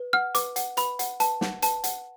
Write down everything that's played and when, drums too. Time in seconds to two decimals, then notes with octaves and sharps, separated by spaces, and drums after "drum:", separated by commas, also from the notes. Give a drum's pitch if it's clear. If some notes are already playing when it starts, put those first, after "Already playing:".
Already playing: B4
0.13 F#5 F6
0.35 B4 D6, drum: hi-hat
0.56 F#5, drum: hi-hat
0.77 B4 B5, drum: hi-hat
0.99 F#5, drum: hi-hat
1.20 B4 A5, drum: hi-hat
1.41 F#5, drum: snare
1.62 B4 A5, drum: hi-hat
1.84 F#5, drum: hi-hat